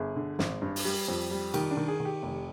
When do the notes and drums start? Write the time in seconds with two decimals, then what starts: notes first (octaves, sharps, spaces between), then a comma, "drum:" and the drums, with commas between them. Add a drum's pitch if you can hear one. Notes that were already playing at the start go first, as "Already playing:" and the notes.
Already playing: G1 G#4
0.16 D3
0.39 G#1, drum: snare
0.62 G2
0.76 drum: open hi-hat
0.85 G3
1.08 F2
1.31 G3
1.54 D#3 G4, drum: cymbal
1.71 D4
1.77 D#3
1.88 G#4
2.00 D#3
2.05 G4
2.23 F1